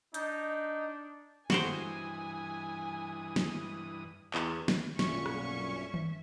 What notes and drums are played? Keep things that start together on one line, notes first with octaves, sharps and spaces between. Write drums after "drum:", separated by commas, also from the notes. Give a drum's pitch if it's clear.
D4 D#4 G6, drum: hi-hat
G2 E3 F#4 G4 C5 G#5 D#6, drum: snare
drum: snare
E2, drum: clap
drum: snare
B1 G2 A#2 F#3 C#4 E5 C#6, drum: snare
drum: rim click
drum: tom D#3